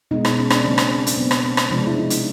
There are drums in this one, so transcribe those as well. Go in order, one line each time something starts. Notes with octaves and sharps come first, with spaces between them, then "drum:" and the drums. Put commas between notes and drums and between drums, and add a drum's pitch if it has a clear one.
B2 G#3 D#4
drum: rim click
C#4
D4, drum: rim click
C#4
C#3 F#3 A#3 C4
drum: rim click
C4
C4, drum: hi-hat
B2 F#3 A3 B3
drum: rim click
C4
drum: rim click
C3 F3 G#3 D4
E4
D#4
drum: hi-hat